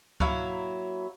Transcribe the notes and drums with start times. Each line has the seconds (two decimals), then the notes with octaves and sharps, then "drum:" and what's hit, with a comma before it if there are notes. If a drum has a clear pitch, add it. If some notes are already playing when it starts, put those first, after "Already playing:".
0.20 F#3 A#3 E4 F5, drum: kick C#2